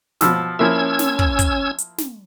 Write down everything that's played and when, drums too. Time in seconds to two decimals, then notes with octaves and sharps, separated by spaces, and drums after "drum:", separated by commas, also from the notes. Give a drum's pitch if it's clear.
0.21 B2 F3 E6, drum: snare
0.59 F3 A#3 C#4 E4 E6 G#6
0.99 drum: snare
1.19 drum: kick
1.39 drum: kick, hi-hat
1.78 drum: hi-hat
1.98 drum: snare